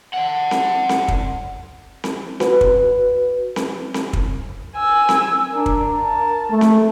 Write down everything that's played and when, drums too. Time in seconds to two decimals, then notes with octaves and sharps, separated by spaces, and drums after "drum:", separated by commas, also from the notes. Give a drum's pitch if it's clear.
0.13 D5 F#5
0.51 drum: snare C4
0.89 drum: snare C4
1.08 drum: kick
2.04 drum: snare C4
2.40 F#4 B4, drum: snare C4
2.61 drum: kick
3.56 drum: snare C4
3.94 drum: snare C4
4.13 drum: kick
4.76 G#5 E6
5.09 drum: snare C4
5.54 D4 A#4
5.66 drum: kick
6.01 A5
6.51 A3
6.61 drum: snare C4